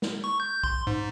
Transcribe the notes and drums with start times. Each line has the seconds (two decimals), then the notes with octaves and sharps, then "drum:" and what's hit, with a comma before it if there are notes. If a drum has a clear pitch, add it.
0.02 drum: snare
0.24 C#6
0.40 G6
0.63 C6, drum: kick
0.87 G#2